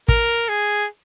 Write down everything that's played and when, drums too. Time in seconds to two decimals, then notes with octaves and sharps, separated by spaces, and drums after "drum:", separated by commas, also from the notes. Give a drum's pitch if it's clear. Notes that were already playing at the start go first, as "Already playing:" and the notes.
0.08 A#4, drum: kick
0.49 G#4